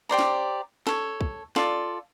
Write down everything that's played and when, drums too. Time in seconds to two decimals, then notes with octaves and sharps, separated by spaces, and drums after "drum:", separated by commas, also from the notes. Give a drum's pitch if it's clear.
0.09 G4 C5 D5 A#5
0.19 drum: snare
0.87 A4 C#5, drum: snare
1.21 drum: kick
1.56 F4 A4 D5, drum: snare